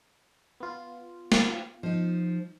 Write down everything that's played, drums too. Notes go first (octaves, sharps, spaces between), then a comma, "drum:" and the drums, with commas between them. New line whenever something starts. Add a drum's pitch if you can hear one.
B3 F4
drum: snare
F3 D#4